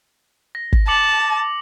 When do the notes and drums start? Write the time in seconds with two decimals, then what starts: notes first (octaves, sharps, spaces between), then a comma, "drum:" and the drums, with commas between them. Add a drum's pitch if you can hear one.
0.55 A#6
0.73 drum: kick
0.88 A5 D6 C#7 F#7